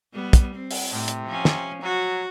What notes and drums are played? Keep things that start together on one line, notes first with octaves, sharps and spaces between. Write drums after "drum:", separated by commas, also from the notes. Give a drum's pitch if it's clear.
G3 B3
drum: kick, hi-hat
C4
drum: open hi-hat
A2 C3
drum: hi-hat
F3 C#4
drum: snare
F#3 F#4